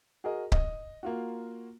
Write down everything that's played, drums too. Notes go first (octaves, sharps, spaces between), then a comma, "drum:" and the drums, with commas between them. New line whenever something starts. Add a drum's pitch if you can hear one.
F#4 G#4 A#4 D#5
D#5, drum: kick C#1
A#3 F4 F#4